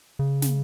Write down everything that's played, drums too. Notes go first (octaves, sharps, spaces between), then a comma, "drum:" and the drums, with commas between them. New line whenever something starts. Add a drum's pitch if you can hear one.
C#3
drum: snare